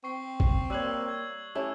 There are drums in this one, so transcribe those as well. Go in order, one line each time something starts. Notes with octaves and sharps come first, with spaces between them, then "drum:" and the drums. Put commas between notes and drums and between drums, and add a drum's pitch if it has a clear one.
C4 C#6 C7
drum: kick
G3 A#3 C#5 E6 F#6 F#7
G#6
A3 C#4 E4 G4 E6